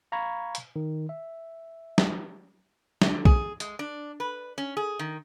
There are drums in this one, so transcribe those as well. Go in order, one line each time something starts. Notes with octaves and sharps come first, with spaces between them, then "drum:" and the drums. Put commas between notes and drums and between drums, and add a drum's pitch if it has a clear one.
F5 A#5 B5 C#6 G#6
drum: hi-hat
D#3
E5
drum: snare
D3, drum: snare
G#4, drum: kick B1
G#3, drum: hi-hat
D4
B4
C#4
G#4
D#3